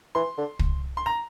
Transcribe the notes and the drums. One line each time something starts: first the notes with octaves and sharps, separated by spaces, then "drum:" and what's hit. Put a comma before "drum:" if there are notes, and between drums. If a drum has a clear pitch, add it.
E3 C6
D3
drum: kick
C6
A#5